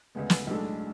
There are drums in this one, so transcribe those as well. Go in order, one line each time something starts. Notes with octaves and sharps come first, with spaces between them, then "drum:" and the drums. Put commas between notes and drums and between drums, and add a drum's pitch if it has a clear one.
D2 C#3 G#3 B3
drum: snare
B1 A2 G#3 D4 A4